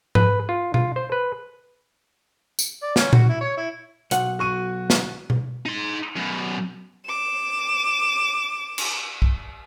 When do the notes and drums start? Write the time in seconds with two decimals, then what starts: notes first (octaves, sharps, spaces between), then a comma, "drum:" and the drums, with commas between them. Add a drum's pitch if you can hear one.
0.15 B4, drum: tom G#2
0.49 F4
0.74 F4, drum: tom B2
0.96 C5
1.12 B4
2.59 drum: tambourine
2.83 D5
2.96 C#4, drum: snare
3.13 F#4, drum: tom A#2
3.29 E4
3.41 C#5
3.57 E4
4.11 B1 F#5, drum: hi-hat
4.39 F#4 C#6 D#7
4.90 drum: snare
5.30 drum: tom B2
5.66 D#4 C6
6.16 F#2 B2
7.05 D6 E7
8.78 drum: cymbal
9.22 drum: kick